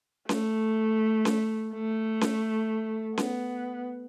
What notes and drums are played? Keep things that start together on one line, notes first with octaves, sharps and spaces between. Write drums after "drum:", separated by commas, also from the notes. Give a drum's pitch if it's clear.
A3, drum: snare C#4
drum: snare C#4
A3
drum: snare C#4
B3, drum: snare C#4